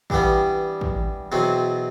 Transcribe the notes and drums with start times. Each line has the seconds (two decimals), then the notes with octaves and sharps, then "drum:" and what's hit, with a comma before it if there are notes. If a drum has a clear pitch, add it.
0.10 G2 E3 G3 B3, drum: kick
0.81 drum: kick
1.32 E2 B2 F#3 C4